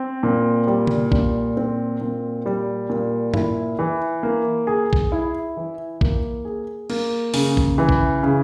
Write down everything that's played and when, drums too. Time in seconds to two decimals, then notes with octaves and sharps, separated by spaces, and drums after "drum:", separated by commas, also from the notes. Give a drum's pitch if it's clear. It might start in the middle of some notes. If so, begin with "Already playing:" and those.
Already playing: C4
0.23 A#2
0.67 G3
0.87 drum: tom C#3
1.12 A#2, drum: kick A#1
1.57 C4
2.01 A#2
2.46 G3
2.90 A#2
3.34 E4, drum: tom G2
3.79 E3
4.23 A#3
4.67 G#4
4.93 drum: kick A#1
5.12 E4
5.57 E3
6.01 A#3, drum: kick A#1
6.45 G#4
6.90 A#3, drum: cymbal
7.34 C#3, drum: open hi-hat
7.57 drum: kick A#1
7.78 E3
7.89 drum: kick A#1
8.23 C#3